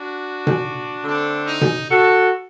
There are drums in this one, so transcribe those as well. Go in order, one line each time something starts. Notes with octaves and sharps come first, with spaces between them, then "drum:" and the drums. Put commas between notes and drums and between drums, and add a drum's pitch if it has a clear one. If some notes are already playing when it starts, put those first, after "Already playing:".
Already playing: D4 F#4
drum: tom B2
D3 A3 C4 D4
D#4
drum: tom B2
F#4 A4